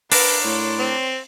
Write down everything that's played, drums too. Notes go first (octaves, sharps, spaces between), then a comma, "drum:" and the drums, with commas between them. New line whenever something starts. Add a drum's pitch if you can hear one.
D4 A#4 B4, drum: open hi-hat
A2 C#5 C6
C4